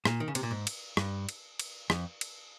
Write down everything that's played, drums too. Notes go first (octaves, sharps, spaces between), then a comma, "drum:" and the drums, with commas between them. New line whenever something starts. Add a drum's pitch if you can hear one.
A#2, drum: rim click
D#3
C#3
C3, drum: cymbal
A#2
G#2
drum: cymbal
G2, drum: rim click
drum: cymbal
drum: cymbal
F2, drum: rim click
drum: cymbal